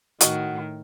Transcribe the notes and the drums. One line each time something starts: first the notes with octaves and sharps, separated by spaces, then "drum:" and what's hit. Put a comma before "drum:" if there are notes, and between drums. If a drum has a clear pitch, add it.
A2 D#3 F#4 D#5, drum: hi-hat